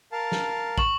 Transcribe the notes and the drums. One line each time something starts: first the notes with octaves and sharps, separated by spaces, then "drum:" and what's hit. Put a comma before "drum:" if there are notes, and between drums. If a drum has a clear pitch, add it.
A#4 F5 A5
drum: snare
C#6 F#7, drum: kick